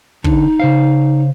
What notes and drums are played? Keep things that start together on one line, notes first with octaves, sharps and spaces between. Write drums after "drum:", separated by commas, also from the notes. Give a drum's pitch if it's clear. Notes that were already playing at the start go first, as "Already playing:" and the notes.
D3 D#4, drum: kick
C#3 C5 F5